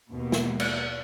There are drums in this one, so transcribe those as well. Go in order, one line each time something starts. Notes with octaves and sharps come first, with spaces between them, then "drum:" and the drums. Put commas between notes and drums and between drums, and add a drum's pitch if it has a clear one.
D#2 B2
drum: snare
drum: cymbal